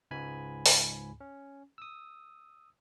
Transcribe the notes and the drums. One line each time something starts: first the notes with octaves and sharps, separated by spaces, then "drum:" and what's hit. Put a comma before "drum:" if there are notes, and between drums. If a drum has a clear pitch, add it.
C#2 G#2 G#5 B5
drum: open hi-hat
C#4
D#6 E6